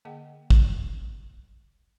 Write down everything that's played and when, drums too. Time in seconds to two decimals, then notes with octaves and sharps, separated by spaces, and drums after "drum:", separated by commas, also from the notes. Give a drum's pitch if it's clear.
0.05 D3 A#3 G#4 D#5 F#5 G5
0.50 drum: kick